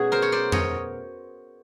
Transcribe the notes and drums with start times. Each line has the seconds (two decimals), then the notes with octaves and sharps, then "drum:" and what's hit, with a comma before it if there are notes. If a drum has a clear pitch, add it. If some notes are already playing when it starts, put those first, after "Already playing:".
Already playing: B2 F#3 A3 C#4 F#4 G#4
0.12 A#4 C5
0.22 C#5
0.32 C5 D5
0.52 C#5 D#5, drum: tom F2